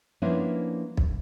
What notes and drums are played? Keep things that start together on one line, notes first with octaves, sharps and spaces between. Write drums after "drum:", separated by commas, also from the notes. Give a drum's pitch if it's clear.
F3 A#3 B3 C#4 D4 E4
drum: kick